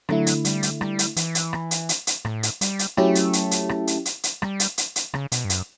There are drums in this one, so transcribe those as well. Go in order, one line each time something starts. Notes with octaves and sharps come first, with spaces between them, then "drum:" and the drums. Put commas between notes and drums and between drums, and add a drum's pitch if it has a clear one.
D3 F#3 A3 E4, drum: rim click
drum: hi-hat
G3, drum: hi-hat
drum: hi-hat
G3, drum: rim click
drum: hi-hat
E3, drum: hi-hat
drum: hi-hat
drum: rim click
drum: hi-hat
drum: hi-hat
drum: hi-hat
A2, drum: rim click
drum: hi-hat
G3, drum: hi-hat
drum: hi-hat
F#3 A3 C#4 E4 G4, drum: rim click
drum: hi-hat
drum: hi-hat
drum: hi-hat
drum: rim click
drum: hi-hat
drum: hi-hat
drum: hi-hat
G3, drum: rim click
drum: hi-hat
drum: hi-hat
drum: hi-hat
C#3, drum: rim click
B2, drum: hi-hat
G2
F#2, drum: hi-hat